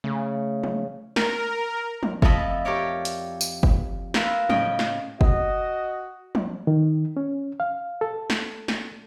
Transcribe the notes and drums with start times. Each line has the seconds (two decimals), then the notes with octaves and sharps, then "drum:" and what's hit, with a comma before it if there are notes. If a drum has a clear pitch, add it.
0.04 C#3 A3
0.63 drum: tom F3
1.16 A#4, drum: snare
2.03 drum: tom F3
2.22 F2 A3 E4 A4 D#5 B5, drum: kick F#1
2.65 G4 A#4 C#5 D5
3.05 drum: hi-hat
3.41 drum: tambourine
3.63 drum: kick F#1
4.14 F4 A#4 B4 E5, drum: snare
4.49 A2 C#3 D#5 G5, drum: tom F3
4.79 drum: snare
5.21 F#4 D#5, drum: kick F#1
6.35 drum: tom F3
6.67 D#3
7.17 C#4
7.60 F5
8.01 A4
8.30 drum: snare
8.68 drum: snare